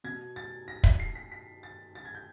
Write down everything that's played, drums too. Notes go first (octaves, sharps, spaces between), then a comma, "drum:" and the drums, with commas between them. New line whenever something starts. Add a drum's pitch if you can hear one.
B2 G#6
A6
A#6
B6, drum: kick
C7
B6
B6
A6
A6
G#6
G6